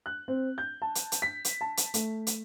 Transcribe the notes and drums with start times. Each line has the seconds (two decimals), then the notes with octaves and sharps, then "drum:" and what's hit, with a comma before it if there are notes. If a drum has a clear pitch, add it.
0.06 F#6
0.28 C4
0.58 G6
0.82 A5
0.95 drum: hi-hat
1.12 drum: hi-hat
1.22 B6
1.45 drum: hi-hat
1.61 A5
1.77 drum: hi-hat
1.94 A3, drum: hi-hat
2.27 drum: hi-hat